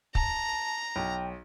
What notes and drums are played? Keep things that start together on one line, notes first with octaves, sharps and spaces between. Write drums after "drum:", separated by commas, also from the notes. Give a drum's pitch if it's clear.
A5 A#5, drum: kick
B1 G5